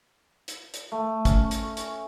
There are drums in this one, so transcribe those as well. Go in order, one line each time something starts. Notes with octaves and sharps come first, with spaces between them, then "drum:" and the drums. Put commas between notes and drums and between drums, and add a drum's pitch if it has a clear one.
drum: hi-hat
drum: hi-hat
A3
C#4, drum: kick, hi-hat
drum: hi-hat
drum: hi-hat